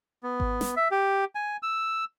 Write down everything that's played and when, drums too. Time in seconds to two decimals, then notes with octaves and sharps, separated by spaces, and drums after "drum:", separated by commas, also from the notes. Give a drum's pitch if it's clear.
0.23 B3
0.40 drum: kick G#1
0.61 drum: snare
0.76 E5
0.91 G4
1.35 G#5
1.63 E6